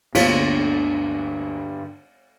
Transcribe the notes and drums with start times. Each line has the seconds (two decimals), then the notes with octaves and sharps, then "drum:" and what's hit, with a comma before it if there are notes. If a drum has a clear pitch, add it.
0.15 D2 G2 D3 A#3 B3 F4 C#5 B6, drum: cymbal